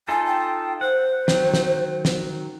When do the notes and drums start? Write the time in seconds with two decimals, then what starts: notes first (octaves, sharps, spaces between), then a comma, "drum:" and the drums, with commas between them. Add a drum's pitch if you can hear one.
0.08 D#4 F4 A4 G#5
0.26 G5
0.81 C5 F#5
1.28 D#3 F#3, drum: snare
1.54 drum: snare
2.05 drum: snare